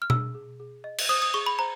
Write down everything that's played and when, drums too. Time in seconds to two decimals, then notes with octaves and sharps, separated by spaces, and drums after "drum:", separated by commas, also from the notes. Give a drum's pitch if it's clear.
0.02 F6
0.10 G#4 E6, drum: tom B2
0.35 G#4
0.60 G#4
0.84 D#5
0.98 drum: cymbal
1.09 C5 D#6
1.22 D#6
1.34 G#4 C#6
1.46 B5
1.59 C5 A#5